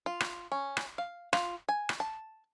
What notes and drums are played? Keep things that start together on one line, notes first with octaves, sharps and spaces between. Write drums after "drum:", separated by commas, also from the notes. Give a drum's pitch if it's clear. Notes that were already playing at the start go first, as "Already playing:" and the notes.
F4
drum: rim click
C#4
drum: rim click
F5
F4, drum: rim click
G#5
drum: rim click
A5